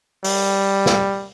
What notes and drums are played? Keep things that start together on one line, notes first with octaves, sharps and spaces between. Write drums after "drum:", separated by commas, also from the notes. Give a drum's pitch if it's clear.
G3, drum: open hi-hat
drum: snare